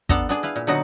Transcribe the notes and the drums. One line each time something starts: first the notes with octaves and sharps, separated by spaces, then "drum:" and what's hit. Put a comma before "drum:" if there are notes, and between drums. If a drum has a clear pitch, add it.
B3 D4 A4 A5 A#5, drum: kick
B3 D4 G#4
E4 B4 F5
A#2
D3 F#3 B3 D#4 F#4